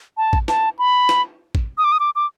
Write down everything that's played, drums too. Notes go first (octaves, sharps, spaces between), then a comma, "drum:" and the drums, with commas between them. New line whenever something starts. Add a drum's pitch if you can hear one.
A5
drum: kick A1
A5, drum: snare
B5
drum: snare
drum: kick A1
D#6
D6
D#6
D6
D6